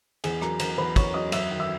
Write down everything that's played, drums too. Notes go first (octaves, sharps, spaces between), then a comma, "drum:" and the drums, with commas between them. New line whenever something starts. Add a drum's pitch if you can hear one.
E2 G#4 G#5, drum: cymbal
F#3 A#4 A#5, drum: rim click
E2 A#4 A#5, drum: cymbal
E2 B4 B5
E2 C#5 C#6, drum: kick, cymbal
F#3 D#5 D#6
F#2 E5 E6, drum: cymbal
D#3
E5 E6